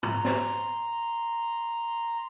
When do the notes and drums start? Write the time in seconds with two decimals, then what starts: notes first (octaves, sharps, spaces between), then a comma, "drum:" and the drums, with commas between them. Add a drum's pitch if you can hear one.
0.03 A#5 C6, drum: tom
0.24 drum: snare